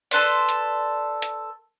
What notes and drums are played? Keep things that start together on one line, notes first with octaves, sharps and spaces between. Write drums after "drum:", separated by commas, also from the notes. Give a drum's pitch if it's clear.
A4 B4 C5 D5, drum: open hi-hat
drum: hi-hat
drum: hi-hat